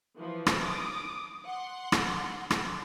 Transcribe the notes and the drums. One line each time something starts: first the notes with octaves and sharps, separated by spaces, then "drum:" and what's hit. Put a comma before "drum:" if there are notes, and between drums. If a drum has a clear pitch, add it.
E3 F3
drum: rim click
D6 D#6
F#5 C6
drum: rim click
drum: rim click